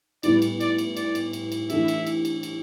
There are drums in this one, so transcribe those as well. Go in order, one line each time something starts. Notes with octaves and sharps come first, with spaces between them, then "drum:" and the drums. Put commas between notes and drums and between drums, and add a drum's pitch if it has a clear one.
A2 G3 B3 E4 D5, drum: cymbal
drum: cymbal
D5, drum: cymbal
drum: cymbal
D5, drum: cymbal
drum: cymbal
drum: cymbal
drum: cymbal
E3 A3 D4 G4 E5, drum: cymbal
drum: cymbal
drum: cymbal
drum: cymbal
drum: cymbal